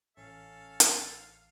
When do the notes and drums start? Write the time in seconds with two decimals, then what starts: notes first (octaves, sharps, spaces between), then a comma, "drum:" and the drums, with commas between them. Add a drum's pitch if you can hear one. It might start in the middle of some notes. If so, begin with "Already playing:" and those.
0.17 A1 C#4 A4 F5
0.80 drum: hi-hat